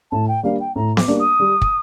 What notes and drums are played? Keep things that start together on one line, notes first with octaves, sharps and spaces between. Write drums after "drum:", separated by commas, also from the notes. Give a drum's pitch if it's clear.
A2 A5
G5
G3 A#3 D4 F5
G5
A2 A#5
D6, drum: snare B3
G3 A#3 D4
D#6
G3
drum: kick